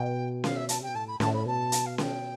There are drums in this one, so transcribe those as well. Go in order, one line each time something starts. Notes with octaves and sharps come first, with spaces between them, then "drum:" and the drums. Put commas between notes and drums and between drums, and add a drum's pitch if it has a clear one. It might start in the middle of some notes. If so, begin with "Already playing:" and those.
Already playing: B2 G5
F5, drum: snare C#4
E5
A5, drum: hi-hat
C3 G5
B2
A2 A5
B5
A2 A5, drum: snare C#4
B5
B2 A5
drum: hi-hat
F5
G5, drum: snare C#4